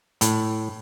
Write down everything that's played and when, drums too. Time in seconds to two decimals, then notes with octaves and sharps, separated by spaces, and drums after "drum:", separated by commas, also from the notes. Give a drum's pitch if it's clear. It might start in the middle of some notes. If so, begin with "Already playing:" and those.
0.21 A2, drum: hi-hat